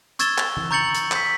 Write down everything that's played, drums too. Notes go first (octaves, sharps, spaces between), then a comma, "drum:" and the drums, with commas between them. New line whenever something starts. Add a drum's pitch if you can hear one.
C#6 E6 G#6 A6 E7 G7, drum: hi-hat
drum: clap
drum: tom E3
A#5 C#6 G6 A6 C#7 F#7
drum: hi-hat
G6 B6, drum: clap